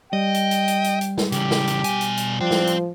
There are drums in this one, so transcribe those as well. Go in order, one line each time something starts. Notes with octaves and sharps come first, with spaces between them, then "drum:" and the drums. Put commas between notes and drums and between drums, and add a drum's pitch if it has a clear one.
G3 D#5 G5
drum: hi-hat
drum: hi-hat
drum: hi-hat
drum: hi-hat
drum: hi-hat
drum: snare
C#3 E3 G4, drum: hi-hat
drum: snare
drum: hi-hat
B2 G#5, drum: hi-hat
drum: hi-hat
drum: hi-hat
F3 D4 C5 G5
drum: snare
drum: hi-hat